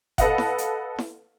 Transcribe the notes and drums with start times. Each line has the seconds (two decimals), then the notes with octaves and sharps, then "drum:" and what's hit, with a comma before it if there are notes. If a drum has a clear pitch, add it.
0.18 A4 B4 D#5 F5 F#5, drum: kick F#1, hi-hat
0.38 drum: snare E4
0.58 drum: hi-hat
0.98 drum: snare E4